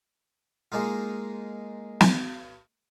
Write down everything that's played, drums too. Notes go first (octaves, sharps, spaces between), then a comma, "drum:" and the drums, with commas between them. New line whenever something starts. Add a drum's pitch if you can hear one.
G#3 A#3 D#4 F4
drum: snare